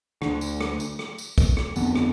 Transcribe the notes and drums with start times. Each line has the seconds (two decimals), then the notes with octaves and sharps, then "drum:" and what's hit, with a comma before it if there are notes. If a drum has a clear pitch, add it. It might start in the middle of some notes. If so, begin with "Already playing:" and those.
0.22 D2 D3, drum: rim click
0.41 drum: tambourine
0.61 drum: rim click
0.80 drum: tambourine
0.99 drum: rim click
1.18 drum: tambourine
1.38 drum: kick, tambourine
1.57 drum: rim click
1.76 G1 F2 D3 B3, drum: tambourine
1.95 drum: rim click